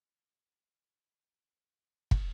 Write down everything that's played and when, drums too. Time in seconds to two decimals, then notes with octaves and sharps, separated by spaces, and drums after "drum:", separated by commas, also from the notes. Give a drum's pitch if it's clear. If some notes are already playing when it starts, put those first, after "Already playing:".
1.06 D5
1.31 F#2 F#3 A4 C5
1.73 G3 F4 D#5 B6
2.11 drum: kick